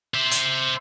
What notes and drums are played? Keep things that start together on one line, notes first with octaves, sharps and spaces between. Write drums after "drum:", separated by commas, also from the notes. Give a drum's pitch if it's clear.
C5 E5
drum: hi-hat